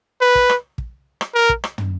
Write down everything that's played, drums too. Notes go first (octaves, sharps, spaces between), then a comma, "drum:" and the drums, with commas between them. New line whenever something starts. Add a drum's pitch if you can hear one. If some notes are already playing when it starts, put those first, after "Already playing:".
B4
drum: kick
drum: rim click
drum: kick
drum: rim click
A#4
drum: kick
drum: rim click
drum: tom